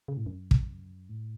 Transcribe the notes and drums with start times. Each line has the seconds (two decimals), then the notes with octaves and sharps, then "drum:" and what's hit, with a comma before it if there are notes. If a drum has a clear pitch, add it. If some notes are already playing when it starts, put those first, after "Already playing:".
0.08 C#3
0.17 A2
0.26 F#2
0.51 drum: kick
1.09 A2